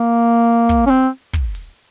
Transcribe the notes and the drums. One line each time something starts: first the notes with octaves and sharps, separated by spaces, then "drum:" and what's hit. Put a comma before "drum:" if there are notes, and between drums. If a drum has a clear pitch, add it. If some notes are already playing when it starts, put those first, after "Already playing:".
Already playing: A#3
drum: hi-hat
drum: kick, hi-hat
C#4
C4, drum: hi-hat
drum: kick, hi-hat
drum: open hi-hat